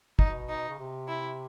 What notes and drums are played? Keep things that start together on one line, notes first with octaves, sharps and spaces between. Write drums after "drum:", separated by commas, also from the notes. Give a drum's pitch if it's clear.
B2 D#4, drum: kick
D#4
C#3
C3
E4